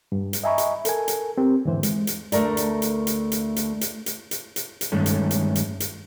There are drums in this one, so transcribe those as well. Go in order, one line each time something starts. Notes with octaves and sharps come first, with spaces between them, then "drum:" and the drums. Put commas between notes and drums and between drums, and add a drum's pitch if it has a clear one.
G2
drum: hi-hat
D#5 E5 G#5 A#5 B5 C#6
drum: hi-hat
A4 A#4 G#5, drum: hi-hat
drum: hi-hat
C4 G4 A#4
E2 G#2 D3 E3 C5
G#3, drum: hi-hat
drum: hi-hat
D2 D#3 A3 A#4 D5, drum: hi-hat
drum: hi-hat
drum: hi-hat
drum: hi-hat
drum: hi-hat
drum: hi-hat
drum: hi-hat
drum: hi-hat
drum: hi-hat
drum: hi-hat
drum: hi-hat
G2 D#3 G#3 A3 C#4 A4
drum: hi-hat
drum: hi-hat
drum: hi-hat
drum: hi-hat